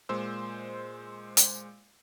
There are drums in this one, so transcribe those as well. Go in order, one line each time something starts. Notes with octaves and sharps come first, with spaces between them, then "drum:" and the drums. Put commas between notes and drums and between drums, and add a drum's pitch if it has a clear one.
A#2 G#3 C5 E6
drum: hi-hat